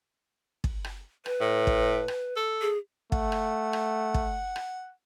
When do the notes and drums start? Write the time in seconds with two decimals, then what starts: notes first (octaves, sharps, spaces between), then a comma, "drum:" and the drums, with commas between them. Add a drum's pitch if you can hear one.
0.64 drum: kick
0.84 drum: rim click
1.26 B4, drum: rim click
1.41 A2
1.67 drum: kick
2.08 drum: rim click
2.36 A4
2.61 G#4
3.12 A3 F#5, drum: kick
3.32 drum: rim click
3.73 drum: rim click
4.14 drum: kick
4.56 drum: rim click